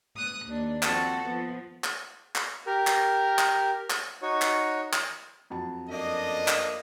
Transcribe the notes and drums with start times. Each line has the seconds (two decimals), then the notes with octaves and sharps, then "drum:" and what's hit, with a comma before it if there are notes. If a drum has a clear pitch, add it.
0.16 D#6 F#6
0.46 D#2 D4
0.83 F3 C4 F#4 A4, drum: clap
1.25 F3 B3
1.84 drum: clap
2.35 drum: clap
2.67 G4 A#4
2.87 drum: clap
3.39 drum: clap
3.90 drum: clap
4.22 D#4 F#4 C#5
4.42 drum: clap
4.93 drum: clap
5.50 F2 F#3 A5
5.89 F#2 F3 A3 A#3 D4 D#5
6.48 drum: clap